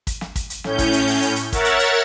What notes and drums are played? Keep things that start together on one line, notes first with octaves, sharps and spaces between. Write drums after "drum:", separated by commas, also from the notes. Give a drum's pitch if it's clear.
drum: kick, hi-hat
drum: snare
drum: kick, hi-hat
drum: hi-hat
A2 C#4 G6, drum: snare
drum: kick, hi-hat
drum: hi-hat
drum: open hi-hat
drum: hi-hat
drum: hi-hat
A#4 C#5 E5 F#5 A6, drum: kick, hi-hat
drum: hi-hat
drum: hi-hat